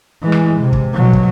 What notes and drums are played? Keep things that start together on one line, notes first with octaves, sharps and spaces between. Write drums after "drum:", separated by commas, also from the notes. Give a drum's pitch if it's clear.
E3 G#3
drum: rim click
C3
drum: kick
B2 F#3
drum: kick